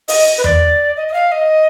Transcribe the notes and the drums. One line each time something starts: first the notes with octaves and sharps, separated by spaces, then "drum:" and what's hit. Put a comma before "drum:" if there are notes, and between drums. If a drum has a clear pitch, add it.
D#5, drum: open hi-hat
B4
D5, drum: tom E2
D#5
D#5
F5
D#5